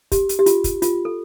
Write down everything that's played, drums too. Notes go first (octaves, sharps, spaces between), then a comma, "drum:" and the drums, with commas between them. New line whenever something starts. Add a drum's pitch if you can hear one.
G4, drum: kick, hi-hat
drum: hi-hat
G4
F4, drum: hi-hat
drum: kick, hi-hat
F4, drum: hi-hat
A4